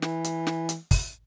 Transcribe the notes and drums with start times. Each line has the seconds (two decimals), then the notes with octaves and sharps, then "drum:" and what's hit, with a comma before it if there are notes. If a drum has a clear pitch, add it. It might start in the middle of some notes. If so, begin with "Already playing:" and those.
0.02 E3, drum: snare
0.24 drum: hi-hat
0.47 drum: snare
0.69 drum: hi-hat
0.91 drum: kick, open hi-hat